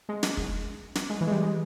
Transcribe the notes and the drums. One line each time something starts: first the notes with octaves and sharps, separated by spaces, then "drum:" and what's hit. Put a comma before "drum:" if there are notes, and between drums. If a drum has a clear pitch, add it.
G#3
drum: snare
drum: kick
drum: snare
G#3
E3
G#3
G3
G#3